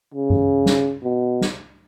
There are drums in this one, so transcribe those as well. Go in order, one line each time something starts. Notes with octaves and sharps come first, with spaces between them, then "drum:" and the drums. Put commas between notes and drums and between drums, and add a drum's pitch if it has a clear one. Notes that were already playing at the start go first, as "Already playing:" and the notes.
C#3
drum: tom G2
drum: snare
B2
drum: snare